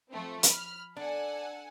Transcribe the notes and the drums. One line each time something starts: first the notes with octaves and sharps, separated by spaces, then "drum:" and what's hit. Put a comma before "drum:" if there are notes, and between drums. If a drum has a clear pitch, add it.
F3 A3 C4
B5 F6, drum: hi-hat
D4 A4 F#5 G#5